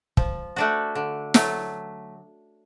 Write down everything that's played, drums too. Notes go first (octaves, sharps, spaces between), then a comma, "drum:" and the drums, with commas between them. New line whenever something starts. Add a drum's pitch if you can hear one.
F3, drum: kick
A3 D4 F#4
D3
F#3 A3, drum: snare